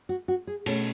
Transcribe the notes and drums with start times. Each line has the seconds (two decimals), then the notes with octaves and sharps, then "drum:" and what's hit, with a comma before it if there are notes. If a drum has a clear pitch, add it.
0.09 F#4
0.28 F#4
0.47 G#4
0.66 B2 A3 C#4 A4, drum: cymbal